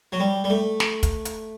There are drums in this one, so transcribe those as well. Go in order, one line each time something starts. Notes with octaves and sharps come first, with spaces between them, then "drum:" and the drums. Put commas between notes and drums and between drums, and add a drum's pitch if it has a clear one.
F#3
G3
G3
A3
drum: snare
drum: kick, hi-hat
drum: hi-hat